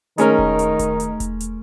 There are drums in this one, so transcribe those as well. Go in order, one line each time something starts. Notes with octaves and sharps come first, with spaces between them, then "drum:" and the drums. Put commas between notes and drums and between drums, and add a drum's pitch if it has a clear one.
D#3 G#3 A3 C#4 D#4 A#4, drum: hi-hat
drum: kick E1
drum: hi-hat
drum: kick E1, hi-hat
drum: hi-hat
drum: kick E1, hi-hat
drum: hi-hat